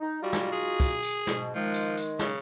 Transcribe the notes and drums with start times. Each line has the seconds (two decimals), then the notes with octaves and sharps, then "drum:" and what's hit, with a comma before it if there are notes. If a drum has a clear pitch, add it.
0.01 D#4
0.23 G3 D#4 F4 F#4
0.33 drum: snare
0.52 G#4
0.80 drum: kick, tambourine
1.03 drum: tambourine
1.27 G#2 B2, drum: snare
1.55 D#3 F3 G#3
1.74 drum: tambourine
1.98 drum: tambourine
2.19 C#3, drum: snare